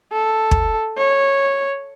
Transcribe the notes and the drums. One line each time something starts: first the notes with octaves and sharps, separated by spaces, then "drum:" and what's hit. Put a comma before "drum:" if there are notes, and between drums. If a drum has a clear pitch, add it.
A4
drum: kick
C#5